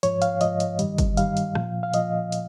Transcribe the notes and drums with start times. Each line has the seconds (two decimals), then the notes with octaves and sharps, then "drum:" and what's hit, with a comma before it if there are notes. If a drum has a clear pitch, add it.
0.03 G#2 F3 C#5, drum: hi-hat
0.22 F5, drum: hi-hat
0.41 G#2 F3 D#5, drum: hi-hat
0.60 drum: hi-hat
0.79 G2 D#3 G3, drum: hi-hat
0.98 drum: kick G1, hi-hat
1.17 G2 D#3 G3 F5, drum: hi-hat
1.37 drum: hi-hat
1.55 A#2 F3, drum: rim click
1.83 F5
1.93 A#2 F3 D#5, drum: hi-hat
2.32 drum: hi-hat